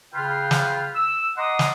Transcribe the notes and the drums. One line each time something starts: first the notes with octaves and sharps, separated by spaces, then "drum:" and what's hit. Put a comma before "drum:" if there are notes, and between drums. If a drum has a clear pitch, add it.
C#3 F4 B4 G5 C6 F6
drum: snare
E6
D#5 F#5 A#5 C6 D6 D#6
drum: snare